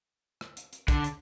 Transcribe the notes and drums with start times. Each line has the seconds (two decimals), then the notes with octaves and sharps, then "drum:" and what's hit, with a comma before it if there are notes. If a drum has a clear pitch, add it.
0.41 drum: rim click
0.57 drum: hi-hat
0.73 drum: hi-hat
0.88 D3, drum: kick, hi-hat
1.04 drum: hi-hat